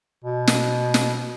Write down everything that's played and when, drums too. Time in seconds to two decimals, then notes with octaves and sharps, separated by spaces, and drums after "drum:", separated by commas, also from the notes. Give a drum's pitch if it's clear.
0.24 B2
0.47 drum: snare
0.94 drum: snare